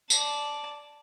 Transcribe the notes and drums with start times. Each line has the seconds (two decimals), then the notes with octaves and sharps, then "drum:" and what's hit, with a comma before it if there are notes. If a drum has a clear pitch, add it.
0.10 D5 A5, drum: tambourine